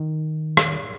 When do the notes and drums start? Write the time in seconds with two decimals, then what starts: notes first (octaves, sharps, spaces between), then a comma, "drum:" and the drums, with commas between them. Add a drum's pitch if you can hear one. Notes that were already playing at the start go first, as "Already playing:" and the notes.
Already playing: D#3
0.57 drum: rim click